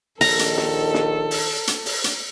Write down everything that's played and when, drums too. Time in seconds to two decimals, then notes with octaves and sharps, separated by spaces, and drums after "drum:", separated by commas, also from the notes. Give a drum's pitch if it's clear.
0.21 A#1 D#2 D#3 A4 A#5, drum: open hi-hat
0.39 drum: hi-hat
0.58 drum: snare
0.94 drum: snare
1.31 drum: open hi-hat
1.67 drum: hi-hat
1.86 drum: open hi-hat
2.04 drum: hi-hat